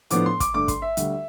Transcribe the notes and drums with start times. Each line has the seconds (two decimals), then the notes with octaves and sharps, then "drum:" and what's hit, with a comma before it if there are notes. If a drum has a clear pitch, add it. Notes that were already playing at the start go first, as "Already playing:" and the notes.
0.10 A2 F3 B3 D4 D6, drum: hi-hat
0.26 C6
0.40 D6, drum: kick, hi-hat
0.54 G2 D3 A3 D6
0.68 C6, drum: kick, hi-hat
0.82 E5
0.97 D2 D3 G3, drum: hi-hat